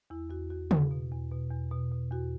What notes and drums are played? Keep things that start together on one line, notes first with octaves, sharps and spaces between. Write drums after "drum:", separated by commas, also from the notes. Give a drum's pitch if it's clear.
E2 E4
E2 F#4
E2 F#4
E2, drum: tom C#3
B2
E2
B2
E2
B2
B2
E2 F#4